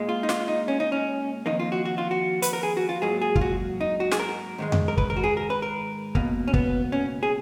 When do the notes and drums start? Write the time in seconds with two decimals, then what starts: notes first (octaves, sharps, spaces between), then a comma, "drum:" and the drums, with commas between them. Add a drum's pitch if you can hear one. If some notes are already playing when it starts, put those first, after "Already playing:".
Already playing: A#2 G#3
0.09 F4
0.23 D#4
0.29 F4, drum: snare
0.48 D#4
0.68 C#4
0.80 D#4
0.92 C#4
1.46 F2 D#3 A#3 D#4
1.60 F4
1.72 F#4
1.85 F#4
1.98 F4
2.11 F#4
2.42 B4, drum: hi-hat
2.53 A#4
2.63 G#4
2.77 F#4
2.89 F4
3.02 G#2 F#3 A#3 G#4
3.22 G#4
3.36 F4, drum: kick
3.41 F#4
3.81 D#4
4.00 F#4
4.12 G#4, drum: snare
4.20 A#4
4.58 G#2 D#3 G#3
4.72 drum: tom F2
4.88 A#4
4.98 B4, drum: kick
5.10 A#4
5.17 F#4
5.24 G#4
5.37 A#4
5.50 B4
5.62 A#4
6.15 C#2 B2 A#3, drum: kick
6.48 C#4
6.54 B3, drum: kick
6.92 C#4
7.23 G#4